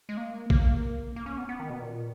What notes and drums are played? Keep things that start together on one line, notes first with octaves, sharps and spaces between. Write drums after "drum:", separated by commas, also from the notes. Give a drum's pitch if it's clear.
G#3
A#3
A#3, drum: kick A#1
A#3
C#4
B3
B3
D#3
B2
A#2